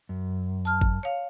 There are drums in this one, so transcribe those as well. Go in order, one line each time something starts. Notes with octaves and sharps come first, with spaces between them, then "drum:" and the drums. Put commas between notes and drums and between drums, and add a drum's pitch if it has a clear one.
F#2
A5 F6
drum: kick G#1
C#5 F5